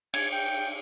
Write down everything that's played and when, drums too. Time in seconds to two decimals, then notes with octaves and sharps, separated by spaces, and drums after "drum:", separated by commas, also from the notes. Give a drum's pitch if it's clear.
0.14 G#6, drum: cymbal
0.31 G5